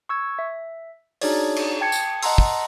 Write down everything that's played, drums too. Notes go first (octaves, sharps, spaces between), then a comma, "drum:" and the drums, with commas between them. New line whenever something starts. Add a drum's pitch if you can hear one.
C#6 E6 G#6
E5
D4 D#4 F#4 G#4 C#5 D5, drum: open hi-hat
drum: cymbal
G5 A5 G#6 C#7
drum: tambourine
D#5 F#5 A5 A#5 C6 E6, drum: open hi-hat
drum: kick